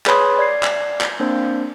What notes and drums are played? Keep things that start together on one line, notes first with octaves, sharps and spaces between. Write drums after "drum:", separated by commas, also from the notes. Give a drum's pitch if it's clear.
G#4 B4 C#5 B5 C6 D#6, drum: clap
D5 G#6 C7
drum: clap
drum: clap
A#3 C4 D4 C5